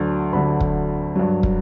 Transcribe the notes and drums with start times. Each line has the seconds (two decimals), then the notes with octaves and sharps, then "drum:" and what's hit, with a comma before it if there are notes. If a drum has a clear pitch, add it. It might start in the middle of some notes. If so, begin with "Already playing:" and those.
Already playing: D2 D3 F#3
0.32 D2 D3 F#3 B5
0.60 drum: kick
1.15 G2 F#3
1.43 drum: kick